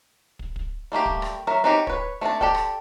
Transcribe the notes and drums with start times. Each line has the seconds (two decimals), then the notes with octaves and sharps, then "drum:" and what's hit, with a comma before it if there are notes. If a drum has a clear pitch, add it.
0.39 drum: kick
0.56 drum: kick
0.92 G3 A3 A#3 G4
1.06 drum: kick
1.22 drum: rim click
1.47 F#3 A#4 E5
1.64 C4 C#4 D#4 F#4 G4
1.87 B4 C#5, drum: kick
2.21 A3 C4 D4 A5
2.41 G4 A4 D5 G5, drum: kick
2.55 drum: rim click